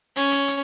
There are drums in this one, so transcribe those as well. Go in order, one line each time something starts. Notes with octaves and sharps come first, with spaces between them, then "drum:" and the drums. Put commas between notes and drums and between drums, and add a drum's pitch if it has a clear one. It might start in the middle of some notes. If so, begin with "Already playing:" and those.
C#4, drum: hi-hat
drum: hi-hat
drum: hi-hat